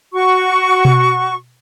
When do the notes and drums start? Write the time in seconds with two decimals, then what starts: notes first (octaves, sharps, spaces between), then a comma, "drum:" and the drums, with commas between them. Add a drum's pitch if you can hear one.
0.13 F#4 C#6
0.85 drum: tom B2